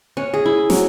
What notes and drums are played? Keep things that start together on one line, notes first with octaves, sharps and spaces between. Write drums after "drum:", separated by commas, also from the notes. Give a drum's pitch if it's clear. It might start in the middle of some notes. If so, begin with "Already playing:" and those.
C#4
G#4
E4
F#3, drum: snare